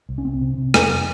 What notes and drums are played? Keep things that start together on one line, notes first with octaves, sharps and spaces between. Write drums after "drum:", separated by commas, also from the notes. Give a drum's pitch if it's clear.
C2
C#4
C2 C4
C3
C3
F2, drum: rim click